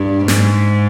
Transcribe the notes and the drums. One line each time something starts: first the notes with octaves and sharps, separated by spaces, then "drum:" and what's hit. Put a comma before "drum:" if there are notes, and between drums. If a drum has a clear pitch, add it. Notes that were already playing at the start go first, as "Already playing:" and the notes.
Already playing: G2
G#2, drum: snare